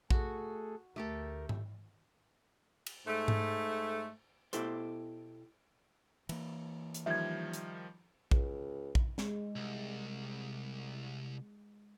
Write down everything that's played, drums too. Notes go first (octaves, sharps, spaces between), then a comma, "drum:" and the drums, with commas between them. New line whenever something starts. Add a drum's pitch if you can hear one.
A3 F#4 G#4 A4, drum: kick A#1
D2 A3 G4 A4 A#4
drum: tom G#2
drum: cymbal
G#2 A3
drum: tom G#2
B2 E4 G4 A4 C5, drum: hi-hat
E3 A#3, drum: cymbal
drum: hi-hat
D#3 F3 G3 E5 G#6
drum: hi-hat
C#2, drum: kick A#1
drum: kick A#1
G#3, drum: snare
C2